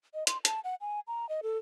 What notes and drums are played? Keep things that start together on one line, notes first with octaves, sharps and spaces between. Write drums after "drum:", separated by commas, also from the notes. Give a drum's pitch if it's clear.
D#5
C6, drum: hi-hat
A5, drum: hi-hat
F#5
G#5
A#5
D#5
A4